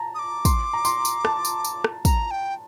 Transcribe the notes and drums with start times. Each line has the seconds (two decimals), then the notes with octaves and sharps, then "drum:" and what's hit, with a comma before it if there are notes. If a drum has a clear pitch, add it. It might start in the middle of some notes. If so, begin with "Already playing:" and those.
Already playing: A5 A#5
0.15 D#6
0.19 D6
0.45 C6, drum: kick, tambourine
0.73 A#5
0.85 C6, drum: tambourine
1.05 drum: tambourine
1.25 A5, drum: rim click
1.45 drum: tambourine
1.65 drum: tambourine
1.84 drum: rim click
2.05 A#5, drum: kick, tambourine
2.31 G5